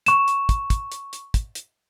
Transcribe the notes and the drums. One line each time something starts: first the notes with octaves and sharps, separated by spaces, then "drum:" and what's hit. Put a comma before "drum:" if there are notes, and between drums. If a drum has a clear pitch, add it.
C#6 E7, drum: hi-hat
drum: hi-hat
drum: kick, hi-hat
drum: kick, hi-hat
drum: hi-hat
drum: hi-hat
drum: kick, hi-hat
drum: hi-hat